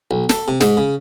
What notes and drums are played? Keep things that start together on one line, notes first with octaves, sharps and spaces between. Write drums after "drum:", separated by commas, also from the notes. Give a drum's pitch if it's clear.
B1
A4, drum: snare
C3
G#2, drum: snare
C#3